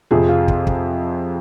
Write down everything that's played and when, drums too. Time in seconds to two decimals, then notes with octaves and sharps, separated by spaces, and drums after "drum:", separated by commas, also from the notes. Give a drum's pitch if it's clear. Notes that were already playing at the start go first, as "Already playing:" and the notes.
0.11 F2 C3 F3 G#4
0.29 F4
0.48 drum: kick
0.67 drum: kick